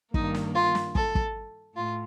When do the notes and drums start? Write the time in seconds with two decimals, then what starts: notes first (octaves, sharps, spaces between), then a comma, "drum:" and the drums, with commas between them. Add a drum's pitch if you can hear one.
0.14 G2 D#3 A#3 D#4, drum: kick
0.34 drum: snare
0.55 F4
0.75 drum: snare
0.95 A4, drum: kick
1.15 drum: kick
1.76 A2 F4